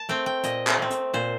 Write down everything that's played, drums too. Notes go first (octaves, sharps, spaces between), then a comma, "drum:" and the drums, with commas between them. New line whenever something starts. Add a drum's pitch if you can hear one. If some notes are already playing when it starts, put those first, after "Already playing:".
Already playing: A5
A3 C4 G5
G5
A#2 D#5, drum: hi-hat
drum: clap
A3 C4
drum: hi-hat
A#2 C5